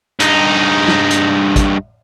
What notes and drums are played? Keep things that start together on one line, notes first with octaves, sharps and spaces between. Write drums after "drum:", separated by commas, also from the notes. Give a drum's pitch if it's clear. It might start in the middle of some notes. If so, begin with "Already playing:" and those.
G2 D#4, drum: hi-hat
drum: snare
drum: hi-hat
drum: kick, hi-hat